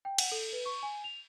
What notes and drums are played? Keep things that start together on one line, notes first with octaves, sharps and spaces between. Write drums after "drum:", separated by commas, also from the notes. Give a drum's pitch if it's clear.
G5
F#5, drum: cymbal
A4
B4
C#6
G#5
F7